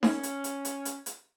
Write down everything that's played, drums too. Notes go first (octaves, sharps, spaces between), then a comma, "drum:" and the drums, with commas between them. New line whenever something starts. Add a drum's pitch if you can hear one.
C#4, drum: snare D#4
drum: hi-hat
drum: hi-hat
drum: hi-hat
drum: hi-hat
drum: hi-hat